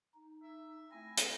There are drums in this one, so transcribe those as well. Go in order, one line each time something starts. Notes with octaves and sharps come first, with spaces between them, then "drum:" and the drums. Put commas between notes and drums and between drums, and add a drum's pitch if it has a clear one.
D#4
E5
A3 C4 E4 G#5 A#6
drum: hi-hat